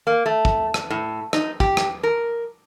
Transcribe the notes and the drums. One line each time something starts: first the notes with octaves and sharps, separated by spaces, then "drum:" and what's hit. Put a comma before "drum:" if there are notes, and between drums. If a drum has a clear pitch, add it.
A#3
A3
drum: kick
drum: rim click
A2
D#4, drum: rim click
G4, drum: kick
drum: rim click
A#4